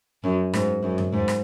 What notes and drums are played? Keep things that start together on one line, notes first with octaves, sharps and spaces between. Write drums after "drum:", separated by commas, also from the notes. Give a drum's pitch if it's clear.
F#2
G#2, drum: rim click
F#2
drum: tom F2
G#2
drum: rim click